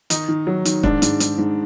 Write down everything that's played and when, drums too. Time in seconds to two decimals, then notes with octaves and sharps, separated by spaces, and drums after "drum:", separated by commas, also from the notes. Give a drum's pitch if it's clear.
0.10 D#3 D#4, drum: hi-hat
0.29 D#3
0.47 F#3
0.65 D#3, drum: hi-hat
0.83 G#2 D4, drum: kick
1.02 G#2, drum: hi-hat
1.20 G#2, drum: hi-hat
1.38 G#2